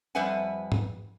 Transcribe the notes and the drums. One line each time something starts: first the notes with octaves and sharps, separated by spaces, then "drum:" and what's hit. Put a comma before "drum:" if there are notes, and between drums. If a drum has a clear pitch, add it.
F2 G3 B4 E5 F#5 G#5
drum: tom G#2